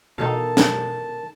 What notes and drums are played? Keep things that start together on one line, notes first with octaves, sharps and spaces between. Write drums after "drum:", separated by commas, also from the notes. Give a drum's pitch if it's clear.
B2 D#3 E3 D#4 A4 F5 A5
drum: snare